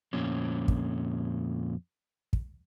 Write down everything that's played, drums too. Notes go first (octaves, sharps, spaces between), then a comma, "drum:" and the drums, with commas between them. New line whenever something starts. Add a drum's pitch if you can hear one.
F2 A#2 C#4
drum: kick
drum: kick